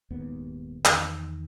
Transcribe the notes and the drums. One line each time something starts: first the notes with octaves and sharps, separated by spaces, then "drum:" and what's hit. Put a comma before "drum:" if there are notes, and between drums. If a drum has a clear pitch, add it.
D#1 D#2 G#2 B3
E2 D#3, drum: clap